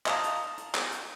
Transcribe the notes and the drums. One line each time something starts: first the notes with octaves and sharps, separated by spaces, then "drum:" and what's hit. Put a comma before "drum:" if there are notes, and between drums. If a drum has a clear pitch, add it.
D#5 F5 A5 A#5, drum: clap
drum: hi-hat
drum: hi-hat
drum: clap
drum: hi-hat